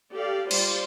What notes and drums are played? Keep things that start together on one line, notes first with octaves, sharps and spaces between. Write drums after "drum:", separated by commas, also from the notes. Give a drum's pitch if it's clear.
G4 A4 D5 F5
G3 F4 C5 D5 C6, drum: cymbal